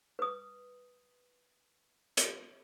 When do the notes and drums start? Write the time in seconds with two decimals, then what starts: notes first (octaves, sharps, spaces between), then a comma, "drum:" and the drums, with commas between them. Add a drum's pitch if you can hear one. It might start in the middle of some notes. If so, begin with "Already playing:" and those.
0.19 B4 D#6
2.17 drum: hi-hat